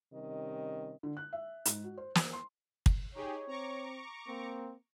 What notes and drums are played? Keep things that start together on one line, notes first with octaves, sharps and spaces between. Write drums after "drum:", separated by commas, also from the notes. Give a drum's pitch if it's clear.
C3 D#3 G3 C#4 D#5
D3
F#6
E5
G#2, drum: hi-hat
F#4
C5
C5, drum: snare
C6
drum: kick
D#4 G4 G#4 C#5
C4 A#5 C#6 D6
A#3 C4